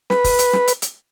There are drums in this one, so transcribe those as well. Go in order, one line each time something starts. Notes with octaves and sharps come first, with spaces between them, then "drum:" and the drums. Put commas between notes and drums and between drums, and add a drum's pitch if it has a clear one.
B4, drum: snare
drum: kick, open hi-hat
drum: hi-hat
drum: snare
drum: hi-hat
drum: hi-hat